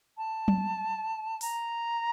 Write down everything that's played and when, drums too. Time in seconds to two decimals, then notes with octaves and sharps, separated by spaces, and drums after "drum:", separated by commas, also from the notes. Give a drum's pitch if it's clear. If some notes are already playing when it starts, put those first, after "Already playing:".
0.17 A5
0.48 drum: tom F#3
1.41 A#5, drum: open hi-hat